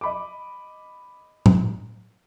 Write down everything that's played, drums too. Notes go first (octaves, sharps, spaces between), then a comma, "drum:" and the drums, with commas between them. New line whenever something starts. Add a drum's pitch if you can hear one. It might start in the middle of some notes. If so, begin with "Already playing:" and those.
D#5 B5 D6
drum: tom A2